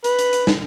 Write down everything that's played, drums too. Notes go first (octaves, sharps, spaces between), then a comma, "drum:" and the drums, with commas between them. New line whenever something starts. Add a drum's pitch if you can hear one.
B4, drum: hi-hat
drum: hi-hat
drum: hi-hat
drum: snare